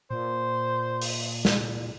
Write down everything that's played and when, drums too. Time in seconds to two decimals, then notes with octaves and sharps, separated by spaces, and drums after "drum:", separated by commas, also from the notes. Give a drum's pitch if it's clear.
0.11 A#2 C5
1.01 drum: open hi-hat
1.45 drum: snare